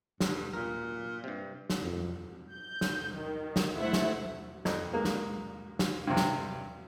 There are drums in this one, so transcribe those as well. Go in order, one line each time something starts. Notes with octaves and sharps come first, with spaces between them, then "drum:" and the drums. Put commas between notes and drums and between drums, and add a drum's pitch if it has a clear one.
G2, drum: snare
A#2 A#4
G2 C3
drum: snare
F2
G6
drum: snare
D#3
drum: snare
A3 E4 C5 E5 F#5
drum: snare
F2, drum: snare
G#3 A#3
drum: snare
drum: snare
G2 C3
drum: snare